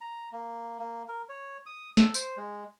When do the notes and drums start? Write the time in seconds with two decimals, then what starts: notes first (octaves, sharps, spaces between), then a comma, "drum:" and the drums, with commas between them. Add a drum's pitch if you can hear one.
0.01 A#5
0.32 A#3
0.79 A#3
1.08 A#4
1.29 C#5
1.66 D#6
1.97 A4, drum: snare
2.14 C5, drum: tambourine
2.37 G#3